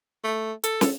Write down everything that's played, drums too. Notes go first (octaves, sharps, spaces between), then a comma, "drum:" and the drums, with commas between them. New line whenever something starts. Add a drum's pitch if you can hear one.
A3
A4, drum: hi-hat
drum: snare